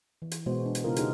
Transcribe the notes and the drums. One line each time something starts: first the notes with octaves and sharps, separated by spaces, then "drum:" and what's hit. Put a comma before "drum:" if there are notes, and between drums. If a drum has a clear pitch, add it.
E3
drum: hi-hat
B2 G#3 B3 F#4 C5
D4
drum: hi-hat
C#3 B3 E4 F4 A#4
C#4 D#4 G4 G#4, drum: hi-hat